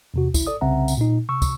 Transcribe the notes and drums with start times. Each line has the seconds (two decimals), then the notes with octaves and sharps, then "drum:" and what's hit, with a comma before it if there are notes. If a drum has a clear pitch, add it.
0.14 E2 C3 F#4
0.34 G#1 E4, drum: kick, tambourine
0.47 A4 D5 D#6
0.61 C2 C#3 C4 E5 F#5 A#5
0.88 drum: tambourine
0.97 A#2 D#4
1.28 C3 C#6 E6
1.42 drum: kick, tambourine